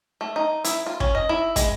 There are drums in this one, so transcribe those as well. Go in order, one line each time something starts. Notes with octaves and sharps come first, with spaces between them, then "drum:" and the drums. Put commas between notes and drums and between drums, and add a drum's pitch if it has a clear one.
A3
D#4
E4, drum: hi-hat
F4
C#4, drum: kick
D#5
E4
G#3, drum: kick, hi-hat